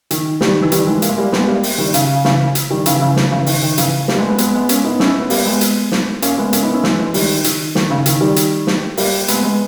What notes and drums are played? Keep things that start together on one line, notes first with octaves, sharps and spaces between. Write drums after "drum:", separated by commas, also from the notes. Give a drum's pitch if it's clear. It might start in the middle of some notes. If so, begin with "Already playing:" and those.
D#3, drum: hi-hat
D#3 G3, drum: snare
E3
D#3 G3, drum: hi-hat
E3 G#3
A#3, drum: hi-hat
G#3
G3 A#3
G#3 B3, drum: snare
G3 A#3
drum: open hi-hat
D#3 G3
C#3, drum: hi-hat
C#3 E3, drum: snare
drum: hi-hat
D#3 G3
C#3 E3, drum: hi-hat
C#3 E3
drum: snare
C#3 E3
D#3, drum: open hi-hat
D#3
C#3 E3, drum: hi-hat
G3 A#3, drum: snare
G#3 B3
G#3 B3
G#3 B3, drum: hi-hat
G#3 B3
A#3 C#4, drum: hi-hat
B3 D#4
C#4 E4, drum: snare
B3
G3 A#3, drum: open hi-hat
G#3 B3
drum: hi-hat
drum: snare
A#3 C#4, drum: hi-hat
G#3 B3
A#3 C#4, drum: hi-hat
B3 D#4
C#4 E4
E3 G#3, drum: snare
E3 G#3
D#3 G3, drum: open hi-hat
D#3, drum: hi-hat
D#3, drum: snare
C#3
D#3, drum: hi-hat
D#3 G3
drum: hi-hat
drum: snare
G3 A#3, drum: open hi-hat
G#3 B3, drum: hi-hat
G#3 B3